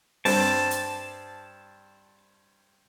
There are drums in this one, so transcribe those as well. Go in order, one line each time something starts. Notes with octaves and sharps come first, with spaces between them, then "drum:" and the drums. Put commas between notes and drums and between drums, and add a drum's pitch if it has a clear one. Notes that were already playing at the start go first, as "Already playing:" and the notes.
G2 C4 A5, drum: open hi-hat
drum: hi-hat